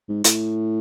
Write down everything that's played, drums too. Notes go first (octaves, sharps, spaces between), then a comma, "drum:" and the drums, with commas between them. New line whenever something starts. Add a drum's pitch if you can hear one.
G#2
A2, drum: hi-hat